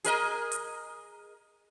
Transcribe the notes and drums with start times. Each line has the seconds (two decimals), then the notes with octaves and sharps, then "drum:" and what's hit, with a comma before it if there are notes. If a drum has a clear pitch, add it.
0.04 G#4 A#4 D#5, drum: hi-hat
0.52 drum: hi-hat